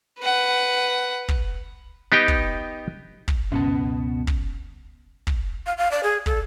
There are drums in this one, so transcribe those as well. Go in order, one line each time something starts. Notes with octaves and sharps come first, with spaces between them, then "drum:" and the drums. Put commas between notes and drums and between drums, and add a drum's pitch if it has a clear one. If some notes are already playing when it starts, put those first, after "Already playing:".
B4 F#5
drum: kick
B3 D#4 G4 D#5 G5
drum: kick
drum: kick
C#2 F#2 B2 B3 C#4 A5
drum: kick
drum: kick
F5
F5
D5
G#4
A4, drum: kick